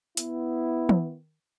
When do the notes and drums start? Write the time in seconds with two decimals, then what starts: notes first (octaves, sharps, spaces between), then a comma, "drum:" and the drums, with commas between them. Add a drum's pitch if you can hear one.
0.17 B3 E4, drum: hi-hat
0.89 drum: tom